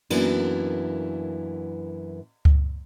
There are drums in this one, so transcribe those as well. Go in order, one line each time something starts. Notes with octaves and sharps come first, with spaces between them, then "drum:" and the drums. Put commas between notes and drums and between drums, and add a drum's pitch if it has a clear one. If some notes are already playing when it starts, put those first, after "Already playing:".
F#2 E3 A#3 B3 D4, drum: cymbal
drum: kick C#2